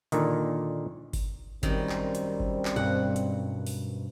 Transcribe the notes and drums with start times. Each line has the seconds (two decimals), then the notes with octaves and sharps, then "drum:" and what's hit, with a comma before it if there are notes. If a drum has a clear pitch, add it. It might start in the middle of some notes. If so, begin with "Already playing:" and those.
0.12 A#2 D3 D#3, drum: hi-hat
1.13 drum: kick G1, open hi-hat
1.63 F#2 D#3 G3 C4, drum: kick G1, hi-hat
1.89 drum: clap
2.15 drum: hi-hat
2.40 drum: kick G1
2.65 drum: clap
2.76 G2 B2 F#5
3.16 drum: hi-hat
3.67 drum: open hi-hat